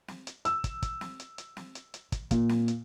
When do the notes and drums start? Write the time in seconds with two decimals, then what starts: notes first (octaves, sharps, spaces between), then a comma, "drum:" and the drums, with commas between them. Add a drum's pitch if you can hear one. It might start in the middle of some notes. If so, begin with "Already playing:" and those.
0.08 drum: snare
0.27 drum: hi-hat
0.45 E6, drum: hi-hat
0.64 drum: kick, hi-hat
0.82 drum: kick, hi-hat
1.01 drum: snare
1.20 drum: hi-hat
1.38 drum: hi-hat
1.57 drum: snare
1.75 drum: hi-hat
1.94 drum: hi-hat
2.12 drum: kick, hi-hat
2.31 A#2, drum: kick, hi-hat
2.49 drum: snare
2.68 drum: hi-hat